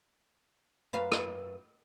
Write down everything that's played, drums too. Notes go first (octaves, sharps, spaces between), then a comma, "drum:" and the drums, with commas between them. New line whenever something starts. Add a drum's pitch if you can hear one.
F#2 B4 F5
drum: rim click